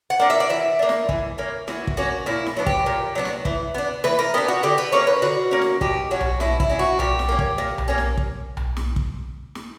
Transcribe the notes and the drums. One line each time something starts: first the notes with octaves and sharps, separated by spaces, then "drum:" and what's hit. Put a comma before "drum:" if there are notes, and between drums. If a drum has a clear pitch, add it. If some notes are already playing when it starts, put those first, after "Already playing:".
F#5
A#3 D4
E5
D5
E3 E5
A#3 D4
drum: snare
E3, drum: kick
A#3 C#4
E3 F#4, drum: snare
drum: kick
A#3 C#4 F#4
A#2 E4
drum: snare
F#3 B3 D4
G4, drum: kick
A#2
F#3 B3 D4
drum: snare
E3, drum: kick
B3 D4
E3 B4, drum: snare
A#4
B3 D4 G4
F#4
D3 G4
B4
A#3 C#4 C#5
B4
D3 F#4
A#3 C#4
drum: snare
B2 G4, drum: kick
F#3 C#4 F#4
drum: tom B1
B2 E4, drum: snare
E4, drum: kick
F#3 C#4
F#4
A#2 G4, drum: tom B1
drum: snare
A#3 C#4
drum: kick
A#2
drum: tom B1
A#3 C#4
drum: snare
drum: kick
drum: tom B1
drum: snare
drum: kick
drum: snare